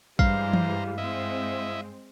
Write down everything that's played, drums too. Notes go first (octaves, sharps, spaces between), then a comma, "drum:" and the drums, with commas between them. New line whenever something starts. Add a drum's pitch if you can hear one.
G2 E3 G3 G#3 C5 F5 A#5, drum: kick
drum: tom E3
G#3 C4 E4 D#5 E5